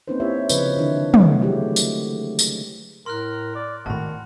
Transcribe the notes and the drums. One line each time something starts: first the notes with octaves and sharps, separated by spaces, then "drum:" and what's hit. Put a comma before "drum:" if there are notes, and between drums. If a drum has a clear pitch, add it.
A#3 C4 C#4 D#4 B4 C5
E4 G4 C#5 E5
C#3 F3 B4 C#5 D#5, drum: tambourine
D3 D#3 D4 E4
drum: tom
F#3 G#3 A3 E4 F#4 G4
drum: tambourine
drum: tambourine
A2 A#4 C6 F6 F#6
D5
G#1 A2 D#3 F#4 A5 B5